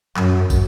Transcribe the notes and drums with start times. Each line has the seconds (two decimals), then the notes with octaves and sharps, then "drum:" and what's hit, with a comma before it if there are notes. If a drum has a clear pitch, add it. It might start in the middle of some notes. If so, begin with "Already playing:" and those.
0.17 F#2, drum: clap
0.50 drum: kick, tambourine